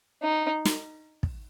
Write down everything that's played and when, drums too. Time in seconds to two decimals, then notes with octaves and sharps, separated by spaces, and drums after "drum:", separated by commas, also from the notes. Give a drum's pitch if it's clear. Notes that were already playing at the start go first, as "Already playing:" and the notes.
0.22 D#4
0.65 drum: snare
1.23 drum: kick